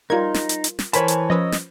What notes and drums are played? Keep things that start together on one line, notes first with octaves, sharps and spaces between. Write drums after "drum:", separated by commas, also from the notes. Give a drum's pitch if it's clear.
G3 D#4 F4 A#4 G#6
drum: snare
drum: hi-hat
drum: hi-hat
drum: snare
E3 A#4 C5 C#5 G#5 A5 B5, drum: hi-hat
drum: hi-hat
F3 C#4 B4 D#5 D#6 E6
drum: snare